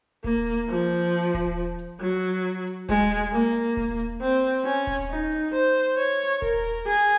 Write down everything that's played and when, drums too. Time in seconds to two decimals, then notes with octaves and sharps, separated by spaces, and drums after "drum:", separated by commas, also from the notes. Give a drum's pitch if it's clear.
0.24 A#3, drum: kick D#1
0.46 drum: hi-hat
0.69 F3
0.90 drum: open hi-hat
1.34 drum: kick D#1, hi-hat
1.79 drum: hi-hat
2.00 F#3
2.23 drum: hi-hat
2.67 drum: hi-hat
2.89 G#3, drum: kick D#1
3.11 drum: hi-hat
3.33 A#3
3.55 drum: hi-hat
3.77 drum: kick D#1
3.99 drum: hi-hat
4.22 C4
4.43 drum: open hi-hat
4.65 C#4
4.87 drum: kick D#1, hi-hat
5.10 D#4
5.31 drum: hi-hat
5.53 C5
5.75 drum: hi-hat
5.97 C#5
6.20 drum: hi-hat
6.42 A#4, drum: kick D#1
6.64 drum: hi-hat
6.86 G#4